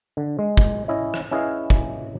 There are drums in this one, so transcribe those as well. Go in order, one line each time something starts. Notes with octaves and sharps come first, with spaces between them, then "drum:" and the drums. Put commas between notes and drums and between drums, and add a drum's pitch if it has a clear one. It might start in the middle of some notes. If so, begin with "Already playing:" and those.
D3
G#3
drum: kick
C#4 E4 D#5
drum: rim click
C#4 E4 G#4 B4 D#5 F5
drum: kick